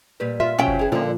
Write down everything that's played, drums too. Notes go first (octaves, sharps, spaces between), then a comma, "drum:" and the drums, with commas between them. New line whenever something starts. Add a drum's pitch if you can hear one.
A#2 G3 B4
F4 E5
C3 F#3 C#4 G5
drum: kick F#1
E3 G#4
A#2 D3 F3 A#3